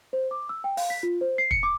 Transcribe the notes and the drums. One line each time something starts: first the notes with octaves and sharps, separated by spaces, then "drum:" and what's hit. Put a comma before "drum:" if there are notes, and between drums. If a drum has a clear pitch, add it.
C5
D6
E6
G5
F5, drum: open hi-hat
B6
F4
C5
C7
C#7, drum: kick
D6